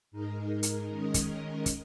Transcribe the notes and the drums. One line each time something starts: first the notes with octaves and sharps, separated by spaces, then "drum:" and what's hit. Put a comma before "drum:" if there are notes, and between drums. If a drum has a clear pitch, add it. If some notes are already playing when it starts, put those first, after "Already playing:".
G#2 G#3 D#4 A#4
drum: hi-hat
D#3 G#3 C#4 A#4 D#5
drum: kick, hi-hat
drum: kick, hi-hat